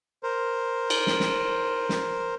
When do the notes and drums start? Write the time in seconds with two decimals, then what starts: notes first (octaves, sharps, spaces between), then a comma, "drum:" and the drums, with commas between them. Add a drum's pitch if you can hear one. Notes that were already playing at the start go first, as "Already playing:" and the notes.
0.23 A#4 C5
0.90 drum: cymbal
1.07 drum: snare
1.20 drum: snare
1.89 drum: snare